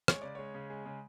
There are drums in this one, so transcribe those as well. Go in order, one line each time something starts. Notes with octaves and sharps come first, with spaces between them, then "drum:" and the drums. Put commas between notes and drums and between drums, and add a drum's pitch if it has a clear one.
G#3 C#5, drum: rim click
C#3 D5
G#3 C#5
C#3
G#3
C#3